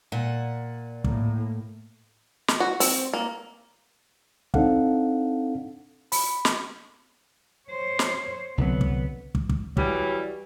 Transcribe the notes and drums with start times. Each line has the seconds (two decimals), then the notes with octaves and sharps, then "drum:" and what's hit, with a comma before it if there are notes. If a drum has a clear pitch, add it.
0.12 A#2 F#5
1.04 A2 A#3, drum: kick
2.48 drum: snare
2.60 F#4
2.80 C4, drum: open hi-hat
3.13 A#3
4.54 C4 D4 D#4 A4 F5 F#5, drum: kick
6.12 B5, drum: open hi-hat
6.45 drum: snare
7.69 C5 C#5
7.99 drum: snare
8.58 C2 D3 F#3 B3
8.81 drum: kick
9.35 drum: kick
9.49 drum: kick
9.77 E3 F#3 G3, drum: kick